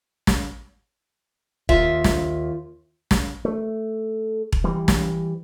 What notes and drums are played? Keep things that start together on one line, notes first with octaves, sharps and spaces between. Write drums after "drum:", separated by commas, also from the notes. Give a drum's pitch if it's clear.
drum: snare
D#2 F4 E5, drum: kick E1
drum: snare
drum: snare
A3
drum: kick E1
E3 G3
drum: snare